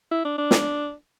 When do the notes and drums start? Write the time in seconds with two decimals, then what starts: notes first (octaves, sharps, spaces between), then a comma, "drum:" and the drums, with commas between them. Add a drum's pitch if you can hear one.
0.12 E4
0.25 D4
0.38 D4
0.51 drum: snare